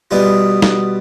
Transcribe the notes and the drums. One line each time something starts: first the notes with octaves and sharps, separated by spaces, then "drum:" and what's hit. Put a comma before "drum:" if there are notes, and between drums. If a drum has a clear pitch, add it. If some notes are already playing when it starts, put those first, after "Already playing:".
B2 G3 B3 F4
drum: snare